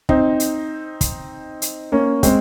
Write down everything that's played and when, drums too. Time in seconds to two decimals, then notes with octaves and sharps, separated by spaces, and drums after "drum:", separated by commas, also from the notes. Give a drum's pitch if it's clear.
0.09 C4 D#4, drum: kick
0.40 drum: hi-hat
1.01 drum: kick, hi-hat
1.62 drum: hi-hat
1.92 A#3 C#4
2.23 G#3 C4, drum: kick, hi-hat